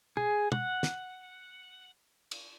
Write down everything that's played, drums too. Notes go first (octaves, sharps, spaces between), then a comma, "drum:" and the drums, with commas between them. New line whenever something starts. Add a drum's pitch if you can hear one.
G#4, drum: tom
F#5, drum: tom
drum: snare
drum: cymbal